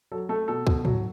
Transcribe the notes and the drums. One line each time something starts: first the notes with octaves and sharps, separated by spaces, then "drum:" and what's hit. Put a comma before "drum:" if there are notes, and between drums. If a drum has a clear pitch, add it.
F#3 A4
A3 A4
B2 A4
B2, drum: kick C#2
F#3, drum: tom